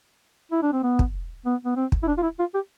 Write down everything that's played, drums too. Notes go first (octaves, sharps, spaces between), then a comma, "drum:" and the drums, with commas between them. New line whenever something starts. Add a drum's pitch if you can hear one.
E4
D4
C4
B3
drum: kick
B3
B3
C4
drum: kick
E4
D4
F4
E4
F4
G4